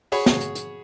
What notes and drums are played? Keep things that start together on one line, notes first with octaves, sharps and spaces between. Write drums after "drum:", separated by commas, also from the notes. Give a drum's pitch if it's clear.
F#4 G#4 C#5 B5 C#6, drum: open hi-hat
drum: snare
drum: hi-hat
drum: hi-hat